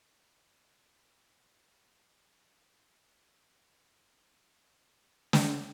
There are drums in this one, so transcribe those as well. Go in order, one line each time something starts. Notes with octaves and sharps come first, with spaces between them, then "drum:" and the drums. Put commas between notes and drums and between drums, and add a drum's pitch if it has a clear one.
G#4 A4 C5 D5 D#5
C#4 D4 F#5 F6
B4 C5 G#5 A5
D4 E4 A4 B4 G5 G#5
C4
E4 A5
B4 C5 G5 G#5 A#5
C4
F#2
drum: snare